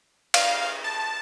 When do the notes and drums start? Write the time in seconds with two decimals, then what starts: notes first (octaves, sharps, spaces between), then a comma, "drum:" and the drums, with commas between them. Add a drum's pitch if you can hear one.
0.34 F5, drum: cymbal
0.84 A5